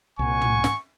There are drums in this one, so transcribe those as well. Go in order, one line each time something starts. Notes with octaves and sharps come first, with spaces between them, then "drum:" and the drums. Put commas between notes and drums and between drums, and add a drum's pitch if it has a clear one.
C2 A#2 F#5 G#5 C#6
drum: tom
drum: snare